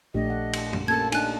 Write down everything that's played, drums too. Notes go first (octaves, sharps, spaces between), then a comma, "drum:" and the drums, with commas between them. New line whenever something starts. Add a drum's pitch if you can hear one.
A#1 A3 D4 G4 D#5
F#5
drum: cymbal
drum: tom F#2
A#3 C#4 A4 A5 G#6
D4 D#4 G#5 A5 F#6, drum: cymbal